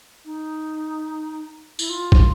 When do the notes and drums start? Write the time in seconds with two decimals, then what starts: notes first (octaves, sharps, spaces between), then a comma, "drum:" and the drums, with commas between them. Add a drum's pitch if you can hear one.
0.25 D#4
1.79 E4, drum: tambourine
1.90 F4
2.12 drum: kick